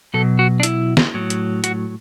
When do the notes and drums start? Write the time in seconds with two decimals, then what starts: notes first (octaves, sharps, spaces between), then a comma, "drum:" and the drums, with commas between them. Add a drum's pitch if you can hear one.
0.14 B2 F#3 A4
0.39 F#4
0.60 D4
0.63 E4, drum: hi-hat
0.97 drum: snare
1.14 A2 F#3
1.30 drum: hi-hat
1.64 F#4, drum: hi-hat